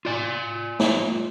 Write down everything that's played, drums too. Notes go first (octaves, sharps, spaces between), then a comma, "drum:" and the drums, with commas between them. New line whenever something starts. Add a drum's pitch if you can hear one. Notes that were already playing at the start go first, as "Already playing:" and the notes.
F4 D5 G#5
drum: snare